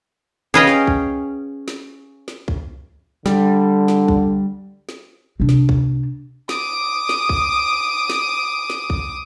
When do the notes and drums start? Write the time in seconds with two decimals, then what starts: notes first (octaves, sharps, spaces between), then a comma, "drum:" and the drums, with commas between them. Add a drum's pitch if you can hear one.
0.54 C#4 G#4 B4 D#5 F5 G5
0.67 drum: snare
0.87 drum: kick
1.68 drum: snare
2.28 drum: snare
2.48 drum: kick
3.26 D3 G3, drum: snare
3.88 drum: snare
4.08 drum: kick
4.89 drum: snare
5.40 C3 D4
5.49 drum: snare
5.69 drum: kick
6.49 D6 D#6, drum: snare
7.09 drum: snare
7.29 drum: kick
8.10 drum: snare
8.70 drum: snare
8.90 drum: kick